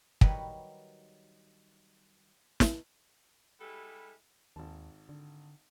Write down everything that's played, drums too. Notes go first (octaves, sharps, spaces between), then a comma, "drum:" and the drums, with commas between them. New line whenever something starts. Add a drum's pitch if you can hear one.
D#3 F#3 G3 D#4 B4 C#5, drum: kick
drum: snare
G3 G#3 B3 E4 G4 A4
G#1 D#2 A5
D3